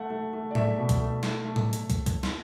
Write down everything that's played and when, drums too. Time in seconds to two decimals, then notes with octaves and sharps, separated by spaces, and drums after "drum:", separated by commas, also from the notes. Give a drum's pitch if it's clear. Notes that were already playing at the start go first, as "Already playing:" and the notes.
Already playing: A3 F#5
0.10 A3
0.33 A3
0.51 D5
0.55 A3 E5, drum: tom A2
0.78 B2
0.89 drum: kick, hi-hat
1.00 A3
1.23 A3, drum: snare
1.45 A3
1.56 drum: tom A2
1.73 drum: hi-hat
1.90 drum: kick, hi-hat
2.06 drum: kick, hi-hat
2.23 drum: snare